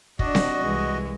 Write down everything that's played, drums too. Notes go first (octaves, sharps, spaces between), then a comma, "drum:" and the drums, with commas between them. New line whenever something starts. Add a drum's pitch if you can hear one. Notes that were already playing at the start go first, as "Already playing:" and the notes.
D4 F#4 D5 D#5, drum: kick
drum: snare C4
C2 E3 G#3